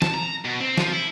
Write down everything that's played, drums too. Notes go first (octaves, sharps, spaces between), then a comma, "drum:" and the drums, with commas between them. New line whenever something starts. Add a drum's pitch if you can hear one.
A5, drum: snare
A#5
B2
C4
F3, drum: snare
E4